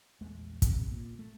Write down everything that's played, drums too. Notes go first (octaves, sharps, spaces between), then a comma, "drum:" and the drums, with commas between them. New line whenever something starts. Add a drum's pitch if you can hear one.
A#1 E2 G#3 A3
C3, drum: kick, hi-hat
A#2
A3